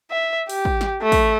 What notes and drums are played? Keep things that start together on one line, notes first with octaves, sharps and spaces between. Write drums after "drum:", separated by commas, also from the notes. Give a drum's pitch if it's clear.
E5
G4, drum: open hi-hat
drum: kick
drum: snare
A3
drum: kick, open hi-hat